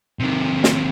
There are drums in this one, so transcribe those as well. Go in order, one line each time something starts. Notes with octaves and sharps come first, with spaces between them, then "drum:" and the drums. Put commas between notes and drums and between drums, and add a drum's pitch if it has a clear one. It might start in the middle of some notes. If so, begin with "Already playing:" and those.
C3 D#3
drum: snare